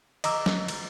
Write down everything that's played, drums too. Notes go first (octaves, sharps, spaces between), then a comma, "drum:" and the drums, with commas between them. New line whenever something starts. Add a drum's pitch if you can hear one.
D#5 A#5 D6 E6, drum: cymbal
drum: snare
drum: cymbal